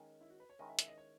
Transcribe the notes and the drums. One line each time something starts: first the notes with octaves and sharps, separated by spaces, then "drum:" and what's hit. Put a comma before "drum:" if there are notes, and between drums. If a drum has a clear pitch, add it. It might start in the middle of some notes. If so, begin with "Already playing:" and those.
Already playing: D#3 G#3 C#4
E4
F#4
B4
C#5
D#3 G#3 C#4 E4 D#5
E5
E5, drum: hi-hat
D#5
C#5